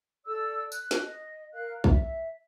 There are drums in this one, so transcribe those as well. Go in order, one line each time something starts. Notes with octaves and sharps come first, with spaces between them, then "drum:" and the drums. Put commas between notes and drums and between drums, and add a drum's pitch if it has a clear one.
A4 D5 E6
F#6, drum: tambourine
drum: snare
D#5
A#4 F5 F#6
E5, drum: kick A#1